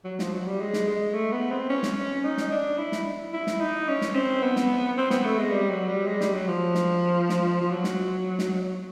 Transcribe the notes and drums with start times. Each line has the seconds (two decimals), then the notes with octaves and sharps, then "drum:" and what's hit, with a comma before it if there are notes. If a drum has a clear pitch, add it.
0.05 F#3
0.19 F3, drum: snare
0.33 F#3
0.47 G3
0.60 G#3
0.73 drum: snare
0.87 G#3
1.14 A3
1.32 B3
1.51 C4
1.69 C#4
1.83 drum: snare
2.24 D#4
2.37 drum: snare
2.52 D4
2.78 E4
2.92 drum: snare
3.33 E4
3.47 drum: snare
3.60 D#4
3.88 C#4
4.01 drum: snare
4.15 C4
4.42 B3
4.56 drum: snare
4.97 C4
5.10 B3, drum: snare
5.25 A3
5.38 G#3
5.52 G3
5.70 F#3
5.89 G3
6.07 G#3
6.21 G3, drum: snare
6.34 F#3
6.48 F3
6.75 drum: snare
7.29 drum: snare
7.61 F3
7.71 F#3
7.84 drum: snare
8.39 drum: snare